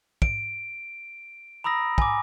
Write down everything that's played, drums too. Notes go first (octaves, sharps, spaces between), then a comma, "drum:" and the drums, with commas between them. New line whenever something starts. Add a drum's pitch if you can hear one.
D7, drum: kick
A#5 B5 D#6 E6 A#6
G#5 D6, drum: kick